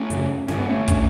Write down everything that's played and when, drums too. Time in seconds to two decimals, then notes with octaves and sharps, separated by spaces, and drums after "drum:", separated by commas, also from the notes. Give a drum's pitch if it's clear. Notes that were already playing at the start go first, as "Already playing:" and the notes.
Already playing: A3 C#4
0.10 F#2 C#3, drum: hi-hat
0.48 G2 D3 C#4, drum: snare
0.59 B3
0.68 A3 C#4
0.88 D3, drum: kick, hi-hat